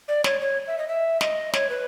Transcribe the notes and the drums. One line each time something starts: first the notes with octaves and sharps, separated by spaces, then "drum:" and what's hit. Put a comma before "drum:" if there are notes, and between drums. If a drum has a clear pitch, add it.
D5
C#5, drum: snare
C#5
E5
D#5
E5
D#5, drum: snare
C#5, drum: snare
B4